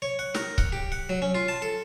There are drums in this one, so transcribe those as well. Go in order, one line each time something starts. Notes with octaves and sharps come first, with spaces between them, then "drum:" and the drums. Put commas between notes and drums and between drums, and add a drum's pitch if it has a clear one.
C#5
F#5
A#4, drum: snare
F#5, drum: kick C#1
G4
F#5
F#3
C#4
F4
A5
A4